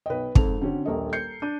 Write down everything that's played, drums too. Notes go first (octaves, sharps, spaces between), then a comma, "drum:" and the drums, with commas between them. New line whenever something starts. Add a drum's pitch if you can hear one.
B1 B4 D#5 G5
F2 G#2 A4 F7, drum: kick
D3 C4 C#4 F#4
D#1 A#1 A4 A#4 D#5
G6 C7 C#7
D4 G6 D#7